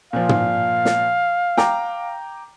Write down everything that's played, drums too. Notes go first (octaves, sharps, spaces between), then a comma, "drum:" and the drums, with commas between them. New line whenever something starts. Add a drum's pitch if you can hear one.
A#2 F3 F5
drum: tom
drum: snare
G5 A#5 D6, drum: snare